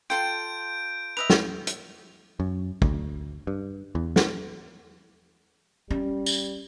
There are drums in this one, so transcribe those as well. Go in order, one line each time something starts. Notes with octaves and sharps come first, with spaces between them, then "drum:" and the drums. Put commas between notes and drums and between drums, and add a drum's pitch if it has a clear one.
F4 A4 G5 C6 G6 D7
B4 D#5 E5 F7
drum: snare
drum: hi-hat
F#2
D2, drum: kick
G2
E2
drum: snare
G3 C#4
drum: tambourine